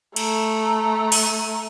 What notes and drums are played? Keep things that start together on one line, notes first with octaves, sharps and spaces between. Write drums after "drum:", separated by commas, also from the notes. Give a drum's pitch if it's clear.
A3 A#5, drum: cymbal
drum: open hi-hat